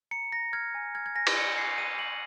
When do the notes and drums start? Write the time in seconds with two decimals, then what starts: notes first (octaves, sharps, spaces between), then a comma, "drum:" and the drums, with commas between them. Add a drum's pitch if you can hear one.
0.11 A#5 C#7
0.32 A#5 A#6
0.53 F6 G#6
0.75 G#5
0.95 F6 G#6
1.06 G#6
1.15 G#5 A#6
1.27 drum: cymbal
1.37 G#5 C#7
1.57 G#5 C7
1.78 G#5 D#7
1.99 G#5 F#7